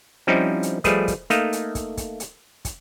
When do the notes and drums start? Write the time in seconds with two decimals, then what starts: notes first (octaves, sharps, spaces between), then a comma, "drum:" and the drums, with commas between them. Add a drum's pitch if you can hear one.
0.27 F3 G3 C4 C#4 D#4 E4
0.63 drum: hi-hat
0.84 F3 G3 A3 G#4 B4 D#5, drum: kick, hi-hat
1.08 drum: kick, hi-hat
1.30 A3 A#3 D#4 D#5 F5, drum: hi-hat
1.53 drum: hi-hat
1.75 drum: kick, hi-hat
1.97 drum: kick, hi-hat
2.20 drum: hi-hat
2.65 drum: kick, hi-hat